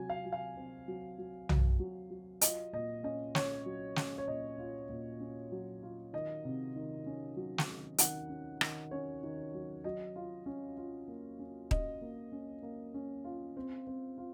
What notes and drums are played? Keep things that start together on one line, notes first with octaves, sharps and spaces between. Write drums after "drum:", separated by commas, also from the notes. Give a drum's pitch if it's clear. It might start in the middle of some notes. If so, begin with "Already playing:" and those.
Already playing: C3 F#3 G#5
F5
F#3
F5
C4
F#3
F#3
F#3, drum: tom
F#3
F#3
F4 D#5, drum: hi-hat
A#2 D#5
C#4 D#5
C#4 C#5, drum: snare
F#3
C#4, drum: snare
C#5
A#2 D#5
F4
A#2
C#4
F#3
F4
D#3 D#5
C3
D#3
C#4
F#3
drum: snare
D#3
D#3 F#5, drum: hi-hat
C#4
D#3, drum: rim click
C#4 C#5
D#3
F#3
F#3 D#5
F4
C#4
F4
A#3
C#4
C#4 D#5, drum: kick D#1
A#3
C#4
A#3
C#4
F4
C4
C4
F4